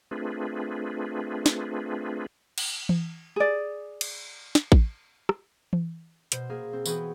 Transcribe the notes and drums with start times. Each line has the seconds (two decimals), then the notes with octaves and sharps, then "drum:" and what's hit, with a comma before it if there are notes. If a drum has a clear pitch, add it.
0.11 A3 C4 D4 F4 G#4 B4
1.46 drum: snare
2.58 drum: cymbal
2.89 drum: tom E3
3.36 G#4 D5
4.01 drum: cymbal
4.55 drum: snare
4.72 drum: kick A1
5.29 drum: rim click
5.73 drum: tom E3
6.32 B2 C5, drum: hi-hat
6.49 A#3 G#4
6.73 C4
6.86 E3 B3 F#4 G#4 G5, drum: tambourine